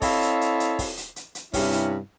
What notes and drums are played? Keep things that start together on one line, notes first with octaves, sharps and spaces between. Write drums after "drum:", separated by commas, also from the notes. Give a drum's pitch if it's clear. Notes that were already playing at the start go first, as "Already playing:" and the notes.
C4 E4 A4 C#5 D#5 F5, drum: kick, open hi-hat
drum: hi-hat
drum: hi-hat
drum: hi-hat
drum: kick, open hi-hat
drum: hi-hat
drum: hi-hat
drum: hi-hat
G2 C3 C#4 E4, drum: kick, open hi-hat
drum: hi-hat